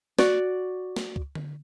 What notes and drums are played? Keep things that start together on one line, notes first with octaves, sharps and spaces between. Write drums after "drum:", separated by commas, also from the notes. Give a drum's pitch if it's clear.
F#4 D5, drum: snare
drum: snare
drum: kick
drum: tom D3